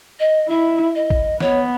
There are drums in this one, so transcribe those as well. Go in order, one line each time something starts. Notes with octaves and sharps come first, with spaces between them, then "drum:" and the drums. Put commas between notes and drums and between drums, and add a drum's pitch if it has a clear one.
D#5
E4 E5
D#5
drum: kick
B3 C#5, drum: snare